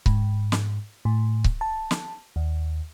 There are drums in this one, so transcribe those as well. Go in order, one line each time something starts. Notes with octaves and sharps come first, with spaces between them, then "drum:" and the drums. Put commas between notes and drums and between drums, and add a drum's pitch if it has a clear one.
G#2, drum: kick C#1
drum: snare
A2
drum: kick C#1
A5
drum: snare
D#2